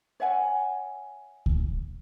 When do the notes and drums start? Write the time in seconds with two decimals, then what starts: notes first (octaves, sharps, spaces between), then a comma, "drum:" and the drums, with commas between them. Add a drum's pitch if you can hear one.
0.20 C#5 E5 F#5 G#5
1.46 drum: kick C#2